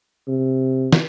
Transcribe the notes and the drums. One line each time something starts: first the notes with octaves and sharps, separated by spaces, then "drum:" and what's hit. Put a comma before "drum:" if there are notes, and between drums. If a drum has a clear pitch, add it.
C3
drum: snare